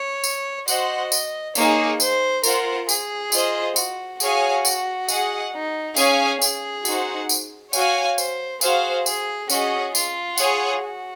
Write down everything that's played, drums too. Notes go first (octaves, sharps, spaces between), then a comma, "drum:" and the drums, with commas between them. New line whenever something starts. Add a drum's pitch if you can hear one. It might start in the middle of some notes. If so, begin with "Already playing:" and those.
Already playing: C#5
drum: tambourine
F#4 C5 D#5 F#5, drum: tambourine
drum: tambourine
A#3 D#4 G#4 C#5, drum: tambourine
C5, drum: tambourine
F4 A#4 C5 F#5, drum: tambourine
G#4, drum: tambourine
F4 C5 D#5, drum: tambourine
F#4, drum: tambourine
F#4 G#4 C#5 F5 G#5, drum: tambourine
drum: tambourine
G#4 D#5 F#5, drum: tambourine
D#4
C#4 G#4 C#5 F5 G#5, drum: tambourine
G#4, drum: tambourine
D#4 F#4 C5 F#5, drum: tambourine
drum: tambourine
F#4 C#5 F5 G#5, drum: tambourine
C5, drum: tambourine
F#4 G#4 C5 F5, drum: tambourine
G#4, drum: tambourine
C#4 F#4 G#4 D#5, drum: tambourine
F4, drum: tambourine
G#4 C#5 F#5, drum: tambourine
F#4